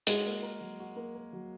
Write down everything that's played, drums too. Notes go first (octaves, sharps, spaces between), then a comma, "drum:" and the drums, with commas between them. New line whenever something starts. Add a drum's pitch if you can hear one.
G#3 F#4, drum: hi-hat
A#3
A#4
F#3
F#4
A#3
A#4
F#3